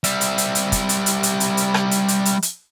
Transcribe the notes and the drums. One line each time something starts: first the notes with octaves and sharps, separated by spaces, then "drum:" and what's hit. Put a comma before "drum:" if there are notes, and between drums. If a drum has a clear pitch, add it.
G3 E4, drum: hi-hat
drum: hi-hat
drum: hi-hat
drum: hi-hat
drum: kick, hi-hat
drum: hi-hat
drum: hi-hat
drum: hi-hat
drum: hi-hat
drum: hi-hat
drum: rim click
drum: hi-hat
drum: hi-hat
drum: hi-hat
drum: hi-hat